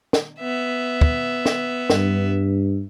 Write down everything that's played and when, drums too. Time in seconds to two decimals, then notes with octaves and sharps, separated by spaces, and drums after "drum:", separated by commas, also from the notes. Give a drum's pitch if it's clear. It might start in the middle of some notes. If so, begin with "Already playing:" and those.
0.13 drum: snare
0.40 B3 E5
1.01 drum: kick
1.46 drum: snare
1.90 G2, drum: snare